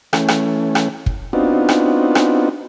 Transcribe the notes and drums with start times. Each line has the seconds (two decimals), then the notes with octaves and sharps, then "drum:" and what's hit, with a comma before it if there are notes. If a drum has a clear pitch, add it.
0.13 E3 A3 C#4, drum: rim click
0.28 drum: rim click
0.75 drum: rim click
1.06 drum: kick
1.33 B3 C4 D4 D#4 F4 F#4
1.69 drum: rim click
2.15 drum: rim click